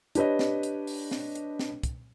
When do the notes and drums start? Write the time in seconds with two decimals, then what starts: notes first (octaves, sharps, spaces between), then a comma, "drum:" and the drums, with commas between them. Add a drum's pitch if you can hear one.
0.15 D4 G4 B4 C#5 D#5, drum: hi-hat
0.39 drum: snare
0.63 drum: hi-hat
0.87 drum: open hi-hat
1.11 drum: snare
1.35 drum: hi-hat
1.59 drum: snare
1.83 drum: kick, hi-hat